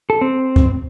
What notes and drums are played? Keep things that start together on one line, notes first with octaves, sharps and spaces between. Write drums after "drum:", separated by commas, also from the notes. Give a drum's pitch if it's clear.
A4
C4
drum: kick C#2